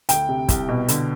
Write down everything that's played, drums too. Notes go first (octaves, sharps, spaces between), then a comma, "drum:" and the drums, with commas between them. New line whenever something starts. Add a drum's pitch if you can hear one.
D2 G5, drum: hi-hat
C3
C2, drum: kick, hi-hat
B2
D3, drum: hi-hat